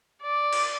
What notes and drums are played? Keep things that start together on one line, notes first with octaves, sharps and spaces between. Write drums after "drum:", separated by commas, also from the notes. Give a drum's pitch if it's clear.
D5
drum: cymbal